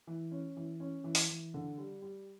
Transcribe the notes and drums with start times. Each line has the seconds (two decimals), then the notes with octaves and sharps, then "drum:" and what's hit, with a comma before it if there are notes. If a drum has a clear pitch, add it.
0.07 E3
0.31 C#4
0.57 E3
0.80 C#4
1.04 E3
1.15 drum: open hi-hat
1.29 E3
1.54 D3
1.78 G3
2.02 G3